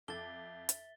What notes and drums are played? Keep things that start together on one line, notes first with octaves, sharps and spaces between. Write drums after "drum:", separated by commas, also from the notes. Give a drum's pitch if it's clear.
F2 A4 E5 D6 A6 G7
drum: hi-hat